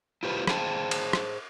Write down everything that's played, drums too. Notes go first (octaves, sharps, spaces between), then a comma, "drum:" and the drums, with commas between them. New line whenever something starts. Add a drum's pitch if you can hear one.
E4 F4 G4 B4 C5
G#4 C5 F5 G5 A5, drum: rim click
drum: cymbal
drum: rim click